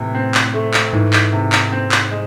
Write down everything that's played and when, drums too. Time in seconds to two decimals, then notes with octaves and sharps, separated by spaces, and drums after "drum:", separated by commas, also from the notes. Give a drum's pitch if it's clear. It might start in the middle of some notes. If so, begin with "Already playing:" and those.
Already playing: A2 C3 E3
0.15 C4
0.35 drum: clap
0.54 A3
0.74 drum: clap
0.93 G#2 E3
1.13 drum: clap
1.33 C3
1.52 drum: clap
1.72 C4
1.92 drum: clap
2.11 G#3